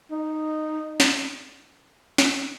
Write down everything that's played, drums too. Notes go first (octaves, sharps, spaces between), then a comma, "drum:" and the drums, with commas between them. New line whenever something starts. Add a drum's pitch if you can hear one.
D#4
drum: snare
drum: snare